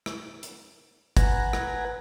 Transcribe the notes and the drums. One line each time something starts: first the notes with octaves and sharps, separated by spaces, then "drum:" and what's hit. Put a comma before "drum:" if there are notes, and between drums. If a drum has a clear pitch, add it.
drum: rim click
drum: hi-hat
B4 F#5 G#5 A#5, drum: kick G1, hi-hat
drum: rim click